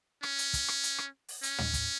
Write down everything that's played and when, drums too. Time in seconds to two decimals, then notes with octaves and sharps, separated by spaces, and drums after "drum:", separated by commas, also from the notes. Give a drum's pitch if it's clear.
0.23 C#4, drum: rim click
0.38 drum: hi-hat
0.53 drum: kick, hi-hat
0.68 drum: rim click
0.83 drum: hi-hat
0.98 drum: rim click
1.28 drum: open hi-hat
1.43 C#4, drum: hi-hat
1.59 drum: tom
1.74 drum: kick, hi-hat